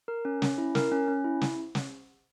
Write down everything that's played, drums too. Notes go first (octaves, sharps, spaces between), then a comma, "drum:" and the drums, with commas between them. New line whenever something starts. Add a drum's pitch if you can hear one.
A#4
C#4
C#4, drum: snare
E4
A#4, drum: snare
C#4
C#4
E4
drum: snare
drum: snare